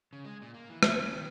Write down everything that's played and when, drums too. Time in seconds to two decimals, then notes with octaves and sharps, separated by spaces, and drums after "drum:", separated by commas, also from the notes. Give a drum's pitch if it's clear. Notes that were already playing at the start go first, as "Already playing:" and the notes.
0.13 C#3
0.25 G#3
0.42 A#2
0.54 A#3
0.69 E3
0.83 B2, drum: rim click
1.00 C#4
1.14 D#3